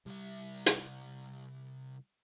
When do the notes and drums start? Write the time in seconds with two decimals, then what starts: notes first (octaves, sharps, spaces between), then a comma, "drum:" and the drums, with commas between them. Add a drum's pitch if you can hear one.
0.06 C2 G3 E5
0.66 drum: hi-hat